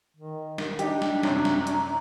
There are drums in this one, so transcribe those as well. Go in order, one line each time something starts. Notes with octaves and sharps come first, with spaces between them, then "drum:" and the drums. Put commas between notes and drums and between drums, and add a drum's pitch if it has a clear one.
D#3
drum: snare
D4 D#4 G4, drum: hi-hat
drum: snare
F#2 C3 C#4 A#5, drum: snare
drum: snare
drum: hi-hat